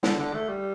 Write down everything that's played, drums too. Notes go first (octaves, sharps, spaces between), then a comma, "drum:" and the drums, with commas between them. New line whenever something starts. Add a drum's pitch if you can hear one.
D3, drum: snare
D3
A3
G3